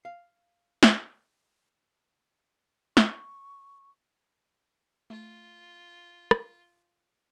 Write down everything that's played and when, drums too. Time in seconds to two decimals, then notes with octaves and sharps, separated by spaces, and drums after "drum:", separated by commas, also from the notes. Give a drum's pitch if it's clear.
0.05 F5
0.83 drum: snare
2.97 C#6, drum: snare
5.10 A3 F4
6.31 drum: rim click